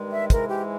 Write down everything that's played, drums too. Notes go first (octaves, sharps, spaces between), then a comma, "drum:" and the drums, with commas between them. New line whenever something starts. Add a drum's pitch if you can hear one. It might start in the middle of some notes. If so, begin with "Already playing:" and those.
Already playing: G2 D#3 G#3
E5
G#2 E3 G#3 A#4, drum: kick, hi-hat
G4